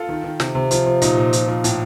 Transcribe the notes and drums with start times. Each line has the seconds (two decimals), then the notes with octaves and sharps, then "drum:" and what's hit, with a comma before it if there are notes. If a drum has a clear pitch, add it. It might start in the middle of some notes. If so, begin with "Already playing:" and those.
Already playing: F4 A4
0.09 D#3
0.24 D#3
0.40 C3, drum: snare
0.55 C3
0.71 F3, drum: hi-hat
0.86 F3
1.02 A#2 C4 D#4, drum: hi-hat
1.17 A#2
1.33 F3, drum: hi-hat
1.48 F3
1.64 A2, drum: hi-hat